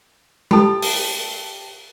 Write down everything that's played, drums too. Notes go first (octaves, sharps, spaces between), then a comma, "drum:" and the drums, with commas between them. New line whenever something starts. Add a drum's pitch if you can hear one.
G4 A4 G5 A5 B5, drum: tom G#3
drum: open hi-hat